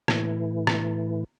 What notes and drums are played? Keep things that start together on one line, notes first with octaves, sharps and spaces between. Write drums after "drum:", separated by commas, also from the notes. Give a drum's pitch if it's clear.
A2 E3, drum: rim click
drum: rim click